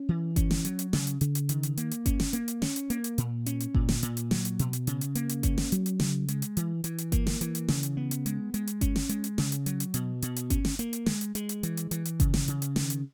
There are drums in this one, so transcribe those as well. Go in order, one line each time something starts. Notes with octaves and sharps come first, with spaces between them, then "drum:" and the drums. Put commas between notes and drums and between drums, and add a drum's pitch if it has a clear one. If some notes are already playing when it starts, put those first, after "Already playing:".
Already playing: C#4
E3
C#4, drum: kick G1, hi-hat
drum: snare
F#3, drum: hi-hat
drum: hi-hat
C#3, drum: snare
drum: hi-hat
C#3, drum: hi-hat
drum: hi-hat
D#3, drum: hi-hat
drum: hi-hat
A#3, drum: hi-hat
drum: hi-hat
C#4, drum: kick G1, hi-hat
drum: snare
A#3, drum: hi-hat
drum: hi-hat
C#4, drum: snare
drum: hi-hat
A#3, drum: hi-hat
drum: hi-hat
A#2, drum: hi-hat
C#4, drum: hi-hat
drum: hi-hat
A#2, drum: kick G1
drum: snare
A#2, drum: hi-hat
drum: hi-hat
F#3, drum: snare
drum: hi-hat
B2, drum: hi-hat
drum: hi-hat
C#3, drum: hi-hat
drum: hi-hat
A#3, drum: hi-hat
drum: hi-hat
C#4, drum: kick G1, hi-hat
drum: snare
F#3, drum: hi-hat
drum: hi-hat
C#3, drum: snare
G#3, drum: hi-hat
drum: hi-hat
E3, drum: hi-hat
E3, drum: hi-hat
drum: hi-hat
A#3, drum: kick G1, hi-hat
drum: snare
E3, drum: hi-hat
drum: hi-hat
C#3, drum: snare
drum: hi-hat
B3
drum: hi-hat
G#3, drum: hi-hat
G#3, drum: hi-hat
drum: hi-hat
C#4, drum: kick G1, hi-hat
drum: snare
G#3, drum: hi-hat
drum: hi-hat
C#3, drum: snare
drum: hi-hat
F#3, drum: hi-hat
drum: hi-hat
B2, drum: hi-hat
B2, drum: hi-hat
drum: hi-hat
C#4, drum: kick G1, hi-hat
drum: snare
A#3, drum: hi-hat
drum: hi-hat
G#3, drum: snare
drum: hi-hat
G#3, drum: hi-hat
drum: hi-hat
E3, drum: hi-hat
drum: hi-hat
E3, drum: hi-hat
drum: hi-hat
C#3, drum: kick G1, hi-hat
drum: snare
C#3, drum: hi-hat
drum: hi-hat
D#3, drum: snare
drum: hi-hat